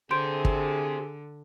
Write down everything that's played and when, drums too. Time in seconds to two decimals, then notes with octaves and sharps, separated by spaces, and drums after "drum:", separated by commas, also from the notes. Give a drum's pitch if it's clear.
0.11 D3 G4 G#4 C5 C6 G6 D7
0.45 drum: kick